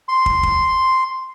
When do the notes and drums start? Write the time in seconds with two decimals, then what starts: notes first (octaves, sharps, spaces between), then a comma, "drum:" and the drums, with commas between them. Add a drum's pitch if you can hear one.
0.08 C6
0.26 drum: kick
0.43 drum: kick